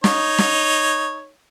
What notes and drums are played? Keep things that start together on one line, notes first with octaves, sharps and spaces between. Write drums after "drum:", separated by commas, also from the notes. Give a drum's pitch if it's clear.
D#4 C#5, drum: snare
drum: snare